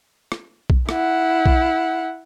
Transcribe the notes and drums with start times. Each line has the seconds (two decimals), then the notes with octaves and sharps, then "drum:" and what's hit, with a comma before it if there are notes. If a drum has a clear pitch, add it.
0.32 drum: rim click
0.70 drum: kick B1
0.89 E4 F#5, drum: rim click
1.46 drum: kick B1